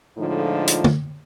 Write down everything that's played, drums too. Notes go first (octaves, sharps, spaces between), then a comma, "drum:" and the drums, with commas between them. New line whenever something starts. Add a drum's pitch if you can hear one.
A2 D3 F3 G#3 D#4 F4
drum: hi-hat
drum: tom